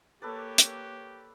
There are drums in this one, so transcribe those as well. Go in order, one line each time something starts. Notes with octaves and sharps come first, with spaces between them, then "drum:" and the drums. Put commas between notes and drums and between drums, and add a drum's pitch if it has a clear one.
A#3 G4 A4 B4 C#5 D5
drum: hi-hat